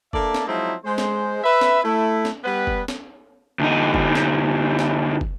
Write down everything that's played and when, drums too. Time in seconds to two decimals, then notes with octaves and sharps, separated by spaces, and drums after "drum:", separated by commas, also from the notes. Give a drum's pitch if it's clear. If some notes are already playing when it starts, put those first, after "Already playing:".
0.13 A#3 D4 A4 D5 E5 A5, drum: kick
0.34 drum: snare
0.47 F3 F#3 G#3 C4 D#4 E4
0.85 G#3 C5
0.98 drum: snare
1.44 B4 E5
1.61 drum: snare
1.84 A3 E4
2.25 drum: snare
2.44 G3 B3 B4
2.67 drum: kick
2.88 drum: snare
3.59 D2 D#4
3.94 drum: kick
4.15 drum: snare
4.79 drum: snare
5.21 drum: kick